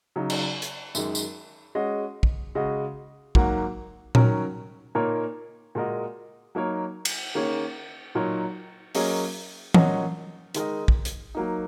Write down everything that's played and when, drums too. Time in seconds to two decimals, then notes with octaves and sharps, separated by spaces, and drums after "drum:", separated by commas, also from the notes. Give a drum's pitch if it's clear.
0.16 C#3 F#3 D#4
0.30 drum: cymbal
0.62 drum: hi-hat
0.95 F#2 D#3 G#3, drum: tambourine
1.15 drum: tambourine
1.75 G#3 C#4 F#4 D#5
2.23 drum: kick
2.55 C#3 G#3 F#4 D#5
3.35 G#2 F#3 A#3 F#4, drum: kick
4.15 D#3 F#3 C#4 A#4, drum: tom A#2
4.95 A#2 A#3 D#4 A#4 C#5
5.75 A#2 G#3 F#4 A#4 D#5
6.55 F#3 A#3 D#4 A#4 C#5
7.05 drum: cymbal
7.35 D#3 A#3 C#4 G#4 C#5
8.15 A#2 F#3 D#4 A#4 C#5
8.95 F#3 A#3 C#4 G#4 D#5, drum: open hi-hat
9.74 A#2 F#3 C#4 F#4 D#5, drum: tom E3
10.55 D#3 G#3 D#4 A#4 D#5, drum: hi-hat
10.88 drum: kick
11.05 drum: hi-hat
11.35 F#3 A#3 D#4